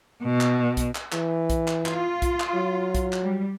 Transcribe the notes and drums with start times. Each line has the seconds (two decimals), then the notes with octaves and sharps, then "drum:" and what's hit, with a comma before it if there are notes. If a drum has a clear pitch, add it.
0.23 B2
0.41 drum: clap
0.77 drum: kick B1, hi-hat
0.95 drum: clap
1.12 E3, drum: clap
1.50 drum: kick B1, hi-hat
1.68 drum: clap
1.86 F4, drum: clap
2.22 drum: kick B1, hi-hat
2.40 drum: clap
2.54 F#3
2.95 drum: kick B1, hi-hat
3.13 drum: clap
3.23 G3